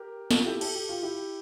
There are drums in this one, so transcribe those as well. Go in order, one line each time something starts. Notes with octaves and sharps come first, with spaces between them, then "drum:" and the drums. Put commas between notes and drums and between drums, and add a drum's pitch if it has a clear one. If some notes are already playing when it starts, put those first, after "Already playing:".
Already playing: G4 A#4
F4 A4, drum: snare
E4 G4
A4, drum: cymbal
G4
F4
E4 G4